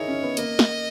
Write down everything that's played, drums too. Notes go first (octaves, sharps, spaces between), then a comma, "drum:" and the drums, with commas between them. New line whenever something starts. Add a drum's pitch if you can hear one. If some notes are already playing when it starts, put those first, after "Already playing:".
Already playing: D#4 E4 G#4 A#4 C#5
C#4
B3
A#3 D#5, drum: hi-hat
drum: snare